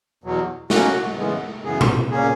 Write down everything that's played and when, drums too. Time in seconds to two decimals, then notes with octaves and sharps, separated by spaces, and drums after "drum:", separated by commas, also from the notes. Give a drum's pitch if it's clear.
0.24 E2 B2 F#3
0.70 B2 A#3 C#4 F#4, drum: snare
1.17 C#3 E3 G#3 B3
1.64 F#2 C#3 E3 B3 G#4
1.81 drum: tom A#2
2.11 A#2 A#3 C#4 G#4